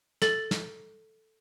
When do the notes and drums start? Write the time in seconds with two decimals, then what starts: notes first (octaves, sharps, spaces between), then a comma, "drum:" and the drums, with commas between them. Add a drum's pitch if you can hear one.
0.22 A4 A6 F#7, drum: snare
0.51 drum: snare